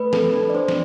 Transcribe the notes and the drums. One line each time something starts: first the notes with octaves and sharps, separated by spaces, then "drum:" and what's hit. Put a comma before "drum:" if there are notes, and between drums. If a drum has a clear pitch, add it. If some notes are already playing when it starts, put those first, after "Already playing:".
Already playing: A3 B4
A4, drum: snare
D4
D5
D4 C5
drum: snare